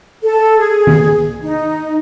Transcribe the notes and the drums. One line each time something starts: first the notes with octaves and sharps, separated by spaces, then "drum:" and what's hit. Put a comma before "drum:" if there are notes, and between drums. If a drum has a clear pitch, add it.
A4
G#4
drum: tom D#3
D#4